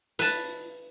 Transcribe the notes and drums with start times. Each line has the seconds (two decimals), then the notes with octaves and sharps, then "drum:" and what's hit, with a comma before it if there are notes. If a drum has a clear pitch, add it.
0.19 B4 A5, drum: hi-hat